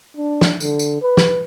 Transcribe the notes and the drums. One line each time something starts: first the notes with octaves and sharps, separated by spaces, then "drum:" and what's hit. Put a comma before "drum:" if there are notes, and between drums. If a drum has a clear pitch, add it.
D4
drum: snare
D3, drum: tambourine
drum: tambourine
B4
drum: snare